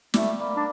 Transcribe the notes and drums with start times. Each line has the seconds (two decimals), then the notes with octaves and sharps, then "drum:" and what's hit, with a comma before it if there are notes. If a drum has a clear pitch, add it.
0.14 G3 A3, drum: snare
0.39 G3 A#3
0.57 D4